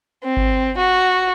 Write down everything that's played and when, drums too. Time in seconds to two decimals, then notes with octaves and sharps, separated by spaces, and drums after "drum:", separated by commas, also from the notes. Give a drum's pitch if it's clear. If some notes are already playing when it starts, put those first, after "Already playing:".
0.24 C4
0.37 drum: kick G#1
0.78 F#4